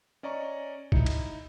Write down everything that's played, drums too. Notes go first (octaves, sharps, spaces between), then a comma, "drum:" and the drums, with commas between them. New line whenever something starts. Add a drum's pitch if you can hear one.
C#4 D5 D#5 A#5 C#6
D#4 E4 C#7, drum: kick
drum: cymbal